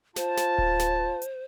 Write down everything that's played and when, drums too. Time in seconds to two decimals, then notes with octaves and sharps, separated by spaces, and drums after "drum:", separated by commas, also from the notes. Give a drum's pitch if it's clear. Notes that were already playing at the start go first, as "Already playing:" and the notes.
0.16 F4 C5 A5, drum: snare
0.37 drum: snare
0.58 drum: kick D1
0.79 drum: snare
1.22 drum: hi-hat